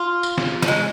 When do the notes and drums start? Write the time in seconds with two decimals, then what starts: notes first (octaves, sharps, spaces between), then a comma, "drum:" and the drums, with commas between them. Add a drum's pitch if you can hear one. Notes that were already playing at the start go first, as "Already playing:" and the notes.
Already playing: F4
0.23 drum: tambourine
0.38 drum: snare
0.62 F3, drum: snare
0.68 G#3